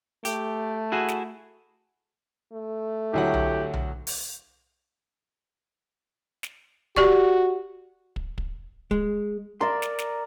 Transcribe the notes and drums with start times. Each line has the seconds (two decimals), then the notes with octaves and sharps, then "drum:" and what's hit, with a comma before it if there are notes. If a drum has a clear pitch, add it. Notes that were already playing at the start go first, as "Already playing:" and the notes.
0.25 A3 G4, drum: hi-hat
0.92 E4 F#4 G#4
1.08 drum: snare
2.53 A3
3.14 D2 F#3 E4 G4 F#5
3.34 drum: tom B1
3.73 drum: tom B1
4.07 drum: open hi-hat
6.43 drum: snare
6.96 F#4 G4 D5 C#6, drum: kick
8.16 drum: kick
8.38 drum: kick
8.91 G#3, drum: kick
9.61 A#4 D5 E5 C6
9.82 drum: snare
9.99 drum: snare